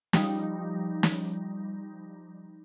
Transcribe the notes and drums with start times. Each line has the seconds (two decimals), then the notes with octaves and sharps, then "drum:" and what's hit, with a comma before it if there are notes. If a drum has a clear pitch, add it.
0.13 F3 G3 D#4, drum: snare
1.03 drum: snare